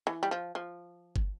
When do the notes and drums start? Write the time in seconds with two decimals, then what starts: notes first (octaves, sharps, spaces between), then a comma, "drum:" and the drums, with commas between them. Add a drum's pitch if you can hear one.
0.07 E3
0.23 G3
0.31 F3
0.55 F3
1.16 drum: kick G1